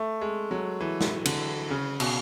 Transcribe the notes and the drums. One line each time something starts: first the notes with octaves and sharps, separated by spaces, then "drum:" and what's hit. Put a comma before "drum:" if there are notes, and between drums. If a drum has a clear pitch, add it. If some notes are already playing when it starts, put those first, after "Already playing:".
Already playing: A3
G#3
F#3
E3
drum: snare
D3, drum: cymbal
C#3
B2, drum: cymbal